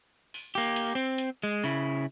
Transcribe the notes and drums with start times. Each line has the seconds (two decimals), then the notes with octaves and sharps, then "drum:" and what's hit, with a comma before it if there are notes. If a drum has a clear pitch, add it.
0.34 drum: open hi-hat
0.55 A#3 G4
0.76 drum: hi-hat
0.95 C4
1.18 drum: hi-hat
1.43 G#3
1.64 C#3 E4